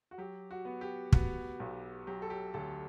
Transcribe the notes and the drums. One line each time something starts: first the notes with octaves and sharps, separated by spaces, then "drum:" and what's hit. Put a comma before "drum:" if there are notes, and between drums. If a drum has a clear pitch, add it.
F#4
F#3 G4
F#4
B3
G4
B3 F#4, drum: kick
B1
F#3 G4
A4
G4
D2 A4